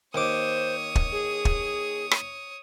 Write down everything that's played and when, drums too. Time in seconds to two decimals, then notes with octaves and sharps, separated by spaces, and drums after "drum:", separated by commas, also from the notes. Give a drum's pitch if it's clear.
0.14 D#2 C5 C#5 D6 D#6
0.95 drum: kick
1.12 G#4
1.45 drum: kick
2.11 drum: rim click